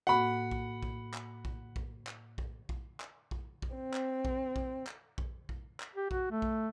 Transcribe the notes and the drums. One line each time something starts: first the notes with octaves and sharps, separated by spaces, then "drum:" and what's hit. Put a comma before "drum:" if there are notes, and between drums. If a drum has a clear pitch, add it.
A2 A#3 F#4 F#5 B5
drum: kick A#1
drum: kick A#1
drum: clap
drum: kick A#1
drum: kick A#1
drum: clap
drum: kick A#1
drum: kick A#1
drum: clap
drum: kick A#1
drum: kick A#1
C4
drum: clap
drum: kick A#1
drum: kick A#1
drum: clap
drum: kick A#1
drum: kick A#1
drum: clap
G4
F#4, drum: kick A#1
A3
drum: kick A#1